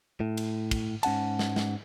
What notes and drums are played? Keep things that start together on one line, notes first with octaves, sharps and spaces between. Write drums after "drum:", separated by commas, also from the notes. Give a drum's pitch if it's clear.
A2
drum: cymbal
drum: kick, cymbal
G#2 C#4 F#5 A5, drum: cymbal
drum: snare
drum: snare